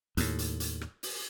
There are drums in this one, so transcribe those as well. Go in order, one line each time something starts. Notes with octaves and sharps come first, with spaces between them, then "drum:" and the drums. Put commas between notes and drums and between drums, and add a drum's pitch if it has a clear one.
D#2 A2, drum: hi-hat
drum: hi-hat
drum: hi-hat
drum: rim click
drum: open hi-hat